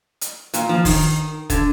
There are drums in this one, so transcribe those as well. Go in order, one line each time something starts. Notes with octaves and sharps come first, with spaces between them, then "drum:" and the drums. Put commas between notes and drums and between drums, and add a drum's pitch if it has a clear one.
drum: hi-hat
A#2, drum: hi-hat
F3
D#3, drum: kick, open hi-hat
D3, drum: kick, hi-hat